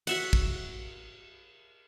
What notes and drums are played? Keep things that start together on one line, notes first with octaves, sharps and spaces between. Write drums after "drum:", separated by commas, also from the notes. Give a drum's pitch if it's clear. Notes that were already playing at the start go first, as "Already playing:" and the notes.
F#4 E5 F#5, drum: cymbal
drum: kick